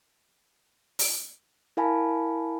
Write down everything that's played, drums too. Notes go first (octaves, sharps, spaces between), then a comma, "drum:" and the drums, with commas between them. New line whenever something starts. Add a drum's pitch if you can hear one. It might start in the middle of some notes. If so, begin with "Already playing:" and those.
drum: open hi-hat
E4 A#4 F5 G#5 A5 B5